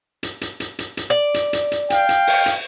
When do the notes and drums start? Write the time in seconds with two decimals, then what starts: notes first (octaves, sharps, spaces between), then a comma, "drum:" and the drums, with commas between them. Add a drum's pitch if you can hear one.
0.23 drum: hi-hat
0.41 drum: hi-hat
0.60 drum: hi-hat
0.79 drum: hi-hat
0.97 drum: hi-hat
1.10 D5
1.34 drum: hi-hat
1.53 drum: hi-hat
1.72 drum: hi-hat
1.90 F5 G5, drum: hi-hat
2.09 drum: hi-hat
2.27 drum: open hi-hat
2.46 drum: hi-hat